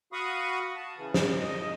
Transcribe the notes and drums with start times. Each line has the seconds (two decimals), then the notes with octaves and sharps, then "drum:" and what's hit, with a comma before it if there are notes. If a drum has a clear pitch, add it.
0.13 F#4 F5 B5 C#6 D#6
0.76 A5
0.97 C#3 E3
1.14 drum: snare
1.39 D#5